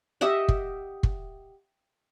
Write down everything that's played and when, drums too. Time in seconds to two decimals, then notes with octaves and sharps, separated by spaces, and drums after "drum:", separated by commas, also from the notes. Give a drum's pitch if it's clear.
0.21 G4 D#5 E5 F#5
0.48 drum: kick
1.03 drum: kick